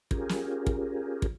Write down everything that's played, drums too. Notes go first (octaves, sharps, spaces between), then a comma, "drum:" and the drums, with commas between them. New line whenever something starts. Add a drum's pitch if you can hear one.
C#4 F4 G4 G#4 A#4, drum: kick
drum: snare
drum: kick
drum: kick